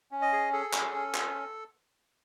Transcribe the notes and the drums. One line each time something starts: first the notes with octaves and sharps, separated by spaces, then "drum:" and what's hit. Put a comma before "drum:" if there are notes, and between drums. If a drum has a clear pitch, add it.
C#4
D#5
G#4
G#4 A4
C#4, drum: clap
C#4
drum: clap